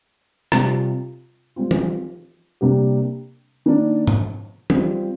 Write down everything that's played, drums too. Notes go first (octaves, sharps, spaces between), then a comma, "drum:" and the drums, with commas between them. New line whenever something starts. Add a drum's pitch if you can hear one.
C3 G3 C4 F4, drum: rim click
G3 C4 F4
drum: tom
C3 G3 A#3 D4 G4
D#3 A#3 D4
drum: tom G#2
G3 C4 F4, drum: tom